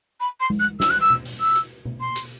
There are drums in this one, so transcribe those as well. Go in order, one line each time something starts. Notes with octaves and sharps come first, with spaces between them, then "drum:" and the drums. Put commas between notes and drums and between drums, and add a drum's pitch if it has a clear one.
B5
C6
drum: tom G#3
F#6
E6, drum: snare
F#6
E6
drum: tom B2
drum: open hi-hat
E6
drum: hi-hat
drum: tom B2
C6
drum: hi-hat